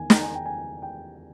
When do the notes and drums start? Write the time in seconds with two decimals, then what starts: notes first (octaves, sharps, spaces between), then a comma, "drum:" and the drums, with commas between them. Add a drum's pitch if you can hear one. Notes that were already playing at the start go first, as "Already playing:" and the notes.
Already playing: E2 D#3 G#5
0.10 A#5, drum: snare
0.22 G#5
0.35 G5
0.46 G#5
0.82 G5